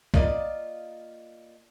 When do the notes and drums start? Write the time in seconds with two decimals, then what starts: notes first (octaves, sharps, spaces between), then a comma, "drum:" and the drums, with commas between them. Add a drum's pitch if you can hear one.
0.14 A#3 F4 D5 D#5, drum: kick